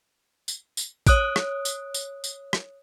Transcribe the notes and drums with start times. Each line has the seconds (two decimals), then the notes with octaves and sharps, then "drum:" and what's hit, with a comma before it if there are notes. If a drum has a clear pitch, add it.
0.48 drum: tambourine
0.77 drum: tambourine
1.07 C#5 D#6 F#6 D7, drum: kick A1, tambourine
1.36 drum: rim click
1.65 drum: tambourine
1.94 drum: tambourine
2.24 drum: tambourine
2.53 drum: rim click